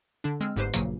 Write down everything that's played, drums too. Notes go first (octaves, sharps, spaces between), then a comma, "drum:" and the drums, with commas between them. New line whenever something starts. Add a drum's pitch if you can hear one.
D3 D4
G#3 C4 E6 F6
G1 G#2 G4 B4 C5 C7
A#1 G2 A#2 C#3 F#3 A#3, drum: tambourine